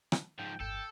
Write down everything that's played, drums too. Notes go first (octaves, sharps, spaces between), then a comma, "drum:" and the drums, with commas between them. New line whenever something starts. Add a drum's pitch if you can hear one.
drum: rim click
G#2 F3 G5
G1 E2 A4 G5